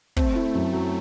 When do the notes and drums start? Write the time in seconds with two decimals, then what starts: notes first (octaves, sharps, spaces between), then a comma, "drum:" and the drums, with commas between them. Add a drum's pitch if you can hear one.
0.17 A3 C4, drum: kick
0.35 E4
0.55 F#2
0.73 F#3